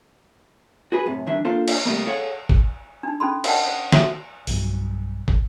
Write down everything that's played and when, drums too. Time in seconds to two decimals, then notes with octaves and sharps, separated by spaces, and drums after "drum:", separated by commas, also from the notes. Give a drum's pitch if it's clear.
0.92 F#4 G#4 B4
1.06 F#2 A2 C3
1.27 G2 D#3 E3 D4 E5
1.45 A#3 D4 F4 A4 C5 F5
1.68 drum: cymbal
1.85 C3 G3 A3 A#3
2.06 G#4 A4 C#5 F5 F#5
2.49 drum: kick
3.03 D4 D#4
3.20 C#4 D#4 A4 B5 C6
3.44 A#4 C5 D#5 F#5 G5 A5, drum: cymbal
3.65 C5 F#5
3.92 F#4 A4 E5, drum: snare
4.47 B1 G2 F#3, drum: open hi-hat
5.28 drum: kick